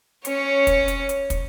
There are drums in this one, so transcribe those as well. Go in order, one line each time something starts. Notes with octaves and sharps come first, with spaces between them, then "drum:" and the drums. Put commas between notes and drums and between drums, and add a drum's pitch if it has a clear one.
C#4 C#5, drum: hi-hat
drum: kick, hi-hat
drum: hi-hat
drum: hi-hat
drum: kick, hi-hat